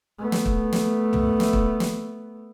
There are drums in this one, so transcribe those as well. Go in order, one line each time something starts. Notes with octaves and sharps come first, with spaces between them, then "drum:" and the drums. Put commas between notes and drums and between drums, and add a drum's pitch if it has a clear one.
A3 B3
drum: snare
drum: kick
drum: snare
drum: tom
drum: snare
drum: kick
drum: snare